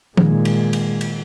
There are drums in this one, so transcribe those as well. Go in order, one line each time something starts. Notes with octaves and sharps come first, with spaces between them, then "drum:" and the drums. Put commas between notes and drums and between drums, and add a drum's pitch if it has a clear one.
A#2 D#3 G#3, drum: tom
drum: cymbal
drum: cymbal
drum: cymbal